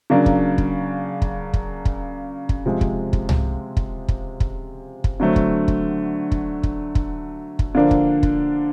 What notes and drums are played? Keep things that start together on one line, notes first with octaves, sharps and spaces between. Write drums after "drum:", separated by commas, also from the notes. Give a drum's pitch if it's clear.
C#3 F#3 A#3 D4
drum: kick
drum: kick
drum: kick
drum: kick
drum: kick
drum: kick
C3 F3 G#3
drum: kick
drum: kick
drum: tom C2
drum: kick
drum: kick
drum: kick
drum: kick
D3 F#3 A3 C4
drum: kick
drum: kick
drum: kick
drum: kick
drum: kick
drum: kick
D3 F3 A#3 D4
drum: kick
drum: kick